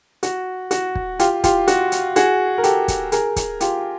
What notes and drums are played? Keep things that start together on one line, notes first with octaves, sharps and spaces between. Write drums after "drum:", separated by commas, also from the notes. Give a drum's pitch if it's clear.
F#4, drum: hi-hat
F#4, drum: hi-hat
drum: kick
F4 G4, drum: hi-hat
F4 G4, drum: kick, hi-hat
F#4, drum: hi-hat
drum: hi-hat
F#4 G#4, drum: hi-hat
A#4
G4 A4, drum: hi-hat
drum: kick, hi-hat
G#4 A#4, drum: hi-hat
drum: kick, hi-hat
F4 G4, drum: hi-hat